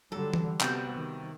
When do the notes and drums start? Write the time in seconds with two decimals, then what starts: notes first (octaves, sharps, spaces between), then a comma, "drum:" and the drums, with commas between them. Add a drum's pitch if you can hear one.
0.12 D3 F#3 G3 A4
0.34 drum: tom E3
0.61 C3 G3 B3 C4 F#4, drum: clap
0.93 D#3